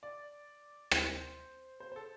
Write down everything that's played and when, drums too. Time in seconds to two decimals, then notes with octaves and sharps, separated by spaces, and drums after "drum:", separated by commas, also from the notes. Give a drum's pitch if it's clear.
0.03 D5
0.91 C5, drum: rim click
1.80 C5
1.92 C5
1.96 A4